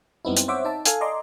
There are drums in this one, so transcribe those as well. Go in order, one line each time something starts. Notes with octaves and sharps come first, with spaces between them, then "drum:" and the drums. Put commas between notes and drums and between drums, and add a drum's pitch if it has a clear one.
F#2 G3 B3 C4 D#4 E4
C4, drum: hi-hat
C5 C#5 E5 F#5 D6
D#4 E5 A5
A4 F5 G#5, drum: hi-hat
D5 D#5 A#5 C6 D6